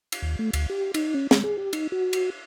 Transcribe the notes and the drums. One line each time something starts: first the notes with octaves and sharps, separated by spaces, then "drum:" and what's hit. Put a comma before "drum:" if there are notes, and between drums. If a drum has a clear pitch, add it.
drum: cymbal
D#2
A3
D2, drum: cymbal
G4
D#4, drum: cymbal
C#4
G#3, drum: snare
G#4
G4
D#4, drum: cymbal
F#4
drum: cymbal